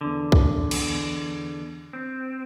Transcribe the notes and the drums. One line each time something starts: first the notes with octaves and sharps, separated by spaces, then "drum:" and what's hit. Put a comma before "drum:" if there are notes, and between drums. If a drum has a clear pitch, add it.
E2 D3
drum: kick
drum: cymbal
C4